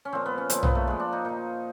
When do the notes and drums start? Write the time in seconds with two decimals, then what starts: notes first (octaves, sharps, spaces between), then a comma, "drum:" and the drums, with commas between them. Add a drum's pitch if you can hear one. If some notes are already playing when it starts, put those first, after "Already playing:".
0.05 C#4
0.12 A#2 F3 C4
0.26 B3
0.38 C#4
0.50 A#2 F3 C4, drum: hi-hat
0.63 B3, drum: tom
0.75 A3
0.87 A#2 F3 G#3
1.00 D4
1.13 D#4
1.25 A#2 F3 D#4